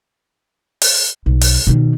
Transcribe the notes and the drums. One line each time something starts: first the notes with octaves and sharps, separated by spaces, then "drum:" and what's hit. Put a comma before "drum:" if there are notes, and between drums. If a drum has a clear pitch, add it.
drum: open hi-hat
B1
drum: open hi-hat
B2 D#3